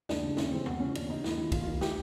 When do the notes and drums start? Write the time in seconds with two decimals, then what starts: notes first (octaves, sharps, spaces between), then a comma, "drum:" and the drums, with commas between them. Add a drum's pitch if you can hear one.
0.09 D#2 D4, drum: snare
0.23 C#3 E3
0.37 D#2 C#4, drum: snare
0.51 C#3 E3 C4
0.66 D#2 B3, drum: tom
0.80 C#3 E3 C#4
0.95 D#2 D4, drum: cymbal
1.09 C#3 E3 D#4
1.24 D#2 E4, drum: snare
1.37 D#3 E4
1.52 D#2 F4, drum: kick, cymbal
1.63 F4
1.66 D#3
1.81 G4, drum: snare